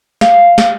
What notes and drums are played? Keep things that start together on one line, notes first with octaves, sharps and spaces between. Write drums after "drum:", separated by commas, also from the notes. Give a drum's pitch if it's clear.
F5, drum: snare
drum: snare